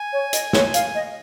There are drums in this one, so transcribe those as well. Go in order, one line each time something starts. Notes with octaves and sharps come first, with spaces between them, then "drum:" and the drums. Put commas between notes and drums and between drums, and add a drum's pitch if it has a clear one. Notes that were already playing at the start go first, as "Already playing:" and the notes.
Already playing: G#5
C#5
D#5, drum: hi-hat
C#5, drum: snare
F5, drum: hi-hat
D#5